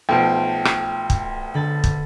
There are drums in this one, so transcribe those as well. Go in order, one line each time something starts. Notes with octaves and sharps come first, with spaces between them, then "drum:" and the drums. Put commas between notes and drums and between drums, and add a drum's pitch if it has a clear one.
B1 F3 A3 G5
drum: rim click
drum: kick
D3 B5 A6
drum: kick